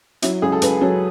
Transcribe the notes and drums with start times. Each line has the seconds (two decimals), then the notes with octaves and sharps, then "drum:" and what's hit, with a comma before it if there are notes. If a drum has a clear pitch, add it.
0.22 F#3 E4, drum: hi-hat
0.42 C#2 G#4
0.52 A4
0.62 C#2 B4, drum: hi-hat
0.82 F#3 A4